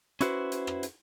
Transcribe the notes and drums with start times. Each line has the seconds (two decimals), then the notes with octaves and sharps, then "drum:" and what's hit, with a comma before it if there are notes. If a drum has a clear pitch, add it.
0.21 C#4 E4 F#4 B4 C5, drum: hi-hat
0.52 drum: hi-hat
0.67 drum: rim click
0.83 drum: hi-hat